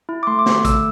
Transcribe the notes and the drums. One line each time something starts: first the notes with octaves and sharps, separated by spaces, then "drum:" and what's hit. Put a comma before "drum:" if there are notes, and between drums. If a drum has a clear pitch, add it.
E4
D6
A3 C6
D6
A3, drum: snare
D6
A3 E6, drum: kick, hi-hat